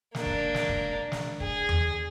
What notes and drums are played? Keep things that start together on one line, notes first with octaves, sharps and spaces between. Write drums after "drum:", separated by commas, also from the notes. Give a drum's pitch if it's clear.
A#3 D4, drum: snare
drum: kick
drum: snare
drum: kick
drum: snare
G#4, drum: kick
drum: tom E2